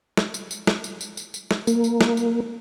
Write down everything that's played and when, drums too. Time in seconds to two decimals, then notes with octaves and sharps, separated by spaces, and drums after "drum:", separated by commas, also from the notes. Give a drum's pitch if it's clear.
0.17 drum: snare
0.34 drum: tambourine
0.51 drum: tambourine
0.67 drum: snare
0.84 drum: tambourine
1.01 drum: tambourine
1.17 drum: tambourine
1.34 drum: tambourine
1.51 drum: snare
1.67 A#3, drum: tambourine
1.84 drum: tambourine
2.01 drum: snare
2.17 drum: tambourine